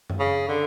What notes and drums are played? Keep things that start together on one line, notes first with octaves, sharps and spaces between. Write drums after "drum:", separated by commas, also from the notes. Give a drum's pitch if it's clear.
drum: tom F#2
C#3
D3